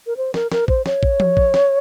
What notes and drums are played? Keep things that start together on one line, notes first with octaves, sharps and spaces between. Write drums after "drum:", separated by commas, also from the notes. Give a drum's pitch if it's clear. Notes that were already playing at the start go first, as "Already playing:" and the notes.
A#4
C5
A#4, drum: snare
A#4, drum: snare
C5, drum: kick
C#5, drum: snare
drum: kick
drum: tom F3
drum: kick
drum: snare